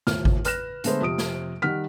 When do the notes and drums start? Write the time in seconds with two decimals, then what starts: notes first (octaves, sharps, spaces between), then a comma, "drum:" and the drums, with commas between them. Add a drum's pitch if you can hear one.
0.07 D#1 A2 F6, drum: snare
0.25 drum: kick G#1
0.45 B4 F6 F#6 A#6 E7, drum: hi-hat
0.84 D3 G#3 A3 B3 C5, drum: hi-hat
1.01 F2 C3 D#6 D7
1.18 drum: snare
1.62 D#3 G3 F#5 F6 B6